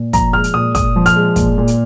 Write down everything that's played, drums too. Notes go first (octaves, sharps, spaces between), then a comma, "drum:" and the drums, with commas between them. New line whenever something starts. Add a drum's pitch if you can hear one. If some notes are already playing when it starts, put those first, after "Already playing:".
Already playing: A#2
F3 A#5, drum: kick, hi-hat
G#3 F6
drum: hi-hat
A#2 D#6
A#2 D#6, drum: kick, hi-hat
F3
F6, drum: hi-hat
G#3
A#2, drum: kick, hi-hat
A#2
drum: hi-hat